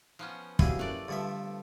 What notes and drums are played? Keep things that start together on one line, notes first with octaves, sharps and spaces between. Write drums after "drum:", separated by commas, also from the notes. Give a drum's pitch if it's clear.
F3 B3 C#4
F#3 G3 E4 G4 G#4 F5, drum: kick
F#2 A3 A#3 D5 F#6
G2 D3 F3 E5